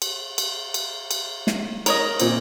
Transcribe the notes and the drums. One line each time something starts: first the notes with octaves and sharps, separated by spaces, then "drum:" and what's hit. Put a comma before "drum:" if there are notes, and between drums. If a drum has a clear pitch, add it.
drum: cymbal
drum: cymbal
drum: cymbal
drum: cymbal
drum: snare
A#4 C#5 D#5, drum: cymbal
A#2 C4, drum: cymbal